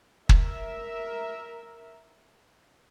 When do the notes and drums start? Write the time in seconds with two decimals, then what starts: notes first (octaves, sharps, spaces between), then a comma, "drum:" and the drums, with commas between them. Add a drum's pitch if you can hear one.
0.29 A#4 E5, drum: kick